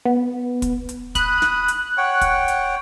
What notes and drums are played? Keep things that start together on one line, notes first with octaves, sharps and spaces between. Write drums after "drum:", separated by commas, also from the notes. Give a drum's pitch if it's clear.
B3
drum: kick, hi-hat
drum: hi-hat
B5 D#6 F#6, drum: kick, hi-hat
drum: snare
drum: hi-hat
C#5 F#5 G5
drum: kick, hi-hat
drum: hi-hat